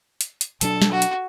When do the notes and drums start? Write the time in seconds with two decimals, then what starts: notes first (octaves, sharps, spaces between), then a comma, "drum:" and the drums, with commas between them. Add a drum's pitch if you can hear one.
0.21 drum: hi-hat
0.41 drum: hi-hat
0.61 B2 F#3 D4 A4, drum: hi-hat
0.82 drum: snare
0.92 F#4
1.02 drum: hi-hat